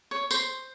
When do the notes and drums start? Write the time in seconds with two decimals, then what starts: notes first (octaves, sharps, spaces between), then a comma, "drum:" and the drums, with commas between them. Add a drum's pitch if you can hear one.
0.11 C#5
0.31 C5, drum: tambourine